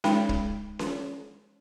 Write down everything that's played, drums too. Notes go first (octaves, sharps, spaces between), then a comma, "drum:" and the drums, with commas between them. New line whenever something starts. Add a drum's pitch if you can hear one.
G#3 D#4 G5 B5, drum: snare C#4
drum: kick
drum: snare C#4